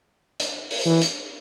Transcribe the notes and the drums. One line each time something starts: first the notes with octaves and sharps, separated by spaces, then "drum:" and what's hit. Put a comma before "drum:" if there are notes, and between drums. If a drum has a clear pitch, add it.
drum: hi-hat
drum: open hi-hat
E3
drum: hi-hat